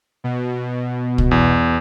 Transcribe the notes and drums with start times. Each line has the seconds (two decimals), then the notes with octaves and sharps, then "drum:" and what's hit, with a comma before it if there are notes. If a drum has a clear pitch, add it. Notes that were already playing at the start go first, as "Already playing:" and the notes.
0.24 B2
1.18 drum: kick
1.31 E2